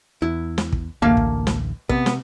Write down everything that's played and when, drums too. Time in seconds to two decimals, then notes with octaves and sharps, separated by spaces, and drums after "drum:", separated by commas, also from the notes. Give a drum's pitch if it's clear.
0.22 E2 E4
0.58 drum: snare
0.72 drum: kick
1.02 A1 D2 A#3 F5 A5
1.17 drum: kick
1.47 drum: snare
1.89 C3 B3, drum: kick
2.06 drum: snare